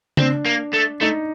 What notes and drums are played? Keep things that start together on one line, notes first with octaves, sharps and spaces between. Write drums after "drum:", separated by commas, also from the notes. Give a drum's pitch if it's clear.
C4 D4, drum: tom C#3
A#3
A3
A3 D#4